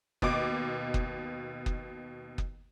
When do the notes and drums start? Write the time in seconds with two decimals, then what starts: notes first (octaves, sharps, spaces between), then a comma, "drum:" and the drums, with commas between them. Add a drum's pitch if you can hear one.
0.22 D#2 B2 D#5 D6 D7, drum: kick F#1
0.94 drum: kick F#1
1.66 drum: kick F#1
2.38 drum: kick F#1